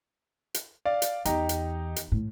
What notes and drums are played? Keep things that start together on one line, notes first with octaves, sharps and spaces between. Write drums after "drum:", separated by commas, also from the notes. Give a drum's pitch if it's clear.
drum: hi-hat
D5 F5
drum: hi-hat
E2 D#4 G4 A#5, drum: hi-hat
drum: hi-hat
drum: hi-hat
A2